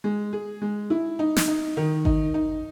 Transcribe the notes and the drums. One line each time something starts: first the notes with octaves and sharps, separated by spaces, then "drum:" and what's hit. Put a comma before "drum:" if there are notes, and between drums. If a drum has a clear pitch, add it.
G#3
G#4
G#3
E4
D#4
drum: snare
D#4
D#3
D#4, drum: kick G#1
D#4